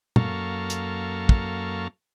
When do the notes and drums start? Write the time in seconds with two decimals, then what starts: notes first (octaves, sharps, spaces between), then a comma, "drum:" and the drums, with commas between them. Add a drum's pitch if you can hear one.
0.16 F#2 A#3 A4 F5 C#6, drum: tom
0.70 drum: hi-hat
1.29 drum: kick